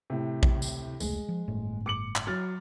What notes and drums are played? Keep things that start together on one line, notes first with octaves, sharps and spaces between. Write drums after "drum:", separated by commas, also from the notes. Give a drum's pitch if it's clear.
A2 C3
drum: kick A#1
drum: tambourine
F1 C#2 G#3 A3, drum: tambourine
F3
G1 A2 A3
D6 C#7 F#7
drum: clap
F#3 F6 A6